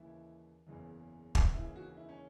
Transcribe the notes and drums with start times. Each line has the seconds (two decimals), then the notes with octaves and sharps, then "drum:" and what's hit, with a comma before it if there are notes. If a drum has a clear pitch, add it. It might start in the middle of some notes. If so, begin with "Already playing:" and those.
Already playing: D#2 C#3 E3 E4
0.66 F#1 E2 C#3 E3
1.35 drum: kick
1.53 D#2 C#3 E3 E4
1.76 F#4
1.97 E4
2.09 C#4